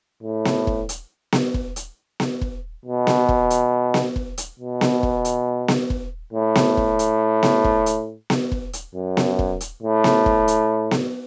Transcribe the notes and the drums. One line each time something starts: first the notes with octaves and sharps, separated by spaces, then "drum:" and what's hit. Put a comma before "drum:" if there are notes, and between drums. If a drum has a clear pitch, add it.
A2
drum: snare B3
drum: kick
drum: hi-hat
drum: snare B3
drum: kick
drum: hi-hat
drum: snare B3
drum: kick
B2
drum: snare B3
drum: kick
drum: hi-hat
drum: snare B3
drum: kick
drum: hi-hat
B2
drum: snare B3
drum: kick
drum: hi-hat
drum: snare B3
drum: kick
A2
drum: snare B3
drum: kick
drum: hi-hat
drum: snare B3
drum: kick
drum: hi-hat
drum: snare B3
drum: kick
drum: hi-hat
F#2
drum: snare B3
drum: kick
drum: hi-hat
A2
drum: snare B3
drum: kick
drum: hi-hat
drum: snare B3